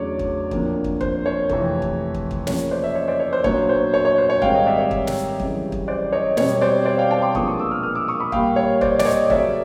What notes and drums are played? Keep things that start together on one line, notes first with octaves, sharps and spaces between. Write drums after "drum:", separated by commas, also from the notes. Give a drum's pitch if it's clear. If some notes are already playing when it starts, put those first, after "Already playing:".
Already playing: E2 C#3 F#3 A3 D4 C#5 D5
drum: kick
F2 D3 F3 A#3 D4, drum: kick
drum: kick
C5, drum: kick
C#5
F2 C3 E3 A3, drum: kick
drum: kick
drum: kick
drum: kick
C#3 F3 A#3 C#4 C#5, drum: snare
C5 D5
E5
C#5 D#5
C5 D5
C#5
C5
A#2 F#3 B3 D4 C#5, drum: kick
C5
C#5
C#5
C5
C#5
G#2 D#3 G3 C4 F5 G5, drum: kick
D#5 F5
D5 E5
C#5
drum: kick
drum: snare
F#2 C#3 E3 G3, drum: kick
drum: kick
C5 D5
C#5 D#5
B2 G3 C4 C#5, drum: snare
C5 D5
C5 D5
F5 G5
G5 A5
C6 D6
A#2 F3 G#3 B3 D4 C#6 D#6, drum: kick
C#6 D#6
D6 E6
D#6 F6
D#6 F6
D6 E6
C#6 D#6
B5 C#6
A#2 G3 A#3 F5 G5, drum: kick
C#5
C5 D5, drum: kick
D5, drum: snare
C#5 D#5
C#3 F#3 A#3 C#4 D5 E5, drum: kick